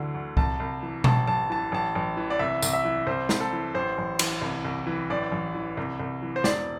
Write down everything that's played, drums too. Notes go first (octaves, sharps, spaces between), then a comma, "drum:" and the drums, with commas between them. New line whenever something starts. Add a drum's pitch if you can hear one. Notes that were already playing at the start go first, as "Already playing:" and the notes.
Already playing: D2 D3 E3
D2
C2 A5, drum: kick C2
C2
E3
A1 A5, drum: tom B2
A1 A5
E3 A5
A1 A5
A1
E3
D5
C2 E5
C2, drum: tambourine
E5
E3
C2 C5
C2, drum: snare
A4
E3
A1 C5
A1
E3, drum: cymbal
C2
C2
E3
A1 D5
A1
E3
C2
C2
E3
C5
E1 D5, drum: snare